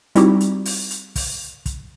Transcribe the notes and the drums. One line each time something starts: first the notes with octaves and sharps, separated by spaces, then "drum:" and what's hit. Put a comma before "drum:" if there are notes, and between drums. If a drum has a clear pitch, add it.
G3 C4 D#4 E4 F#4 G4, drum: hi-hat
drum: hi-hat
drum: open hi-hat
drum: hi-hat
drum: kick, open hi-hat
drum: kick, hi-hat